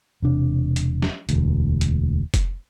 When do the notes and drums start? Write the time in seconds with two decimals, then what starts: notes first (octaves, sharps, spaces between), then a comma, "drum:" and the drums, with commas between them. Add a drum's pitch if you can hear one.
0.22 E1 C3 D4
0.76 drum: hi-hat
1.02 drum: snare
1.29 E1 D2, drum: hi-hat
1.81 drum: hi-hat
2.34 drum: kick F1, hi-hat